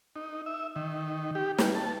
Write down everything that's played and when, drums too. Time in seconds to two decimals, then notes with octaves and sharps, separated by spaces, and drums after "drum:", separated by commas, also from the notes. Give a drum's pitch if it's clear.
0.16 D#4
0.46 E5
0.76 D#3
1.35 G4
1.58 G3, drum: snare
1.75 A5